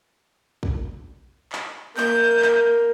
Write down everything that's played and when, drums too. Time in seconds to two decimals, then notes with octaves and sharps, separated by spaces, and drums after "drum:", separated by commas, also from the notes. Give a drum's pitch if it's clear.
0.63 drum: kick
1.52 drum: clap
1.97 A#3 G6, drum: clap
2.42 drum: clap